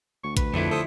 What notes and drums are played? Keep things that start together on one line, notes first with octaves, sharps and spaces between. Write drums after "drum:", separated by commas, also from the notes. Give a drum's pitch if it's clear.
D2 C#6
B4, drum: kick A1, hi-hat
F2 D3 F3 E4
A4 C5 D#6